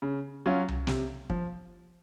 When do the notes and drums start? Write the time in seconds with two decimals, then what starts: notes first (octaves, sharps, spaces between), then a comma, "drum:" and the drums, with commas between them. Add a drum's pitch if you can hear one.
0.02 C#3
0.46 F#3 C#4 F4
0.68 drum: tom C2
0.87 C3, drum: snare
1.30 F3, drum: kick